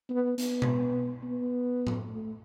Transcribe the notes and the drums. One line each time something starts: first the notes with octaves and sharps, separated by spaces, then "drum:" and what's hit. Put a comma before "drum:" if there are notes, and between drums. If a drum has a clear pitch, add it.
B3
B3, drum: hi-hat
drum: tom B2
B3
drum: tom A2
A3